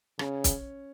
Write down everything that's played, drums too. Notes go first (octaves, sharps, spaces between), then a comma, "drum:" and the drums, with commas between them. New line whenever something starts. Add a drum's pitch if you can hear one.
C#3 C#4, drum: rim click
drum: kick, hi-hat